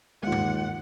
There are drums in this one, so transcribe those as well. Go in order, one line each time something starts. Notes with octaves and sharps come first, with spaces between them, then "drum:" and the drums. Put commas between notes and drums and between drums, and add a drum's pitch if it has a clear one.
D#2 G#3 F4 F#5
drum: tom G2